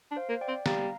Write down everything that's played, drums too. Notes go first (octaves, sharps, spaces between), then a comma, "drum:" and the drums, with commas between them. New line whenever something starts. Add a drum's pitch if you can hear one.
D4
C5 F5
A#3
D5 G5
C4
G3 F5 A#5, drum: snare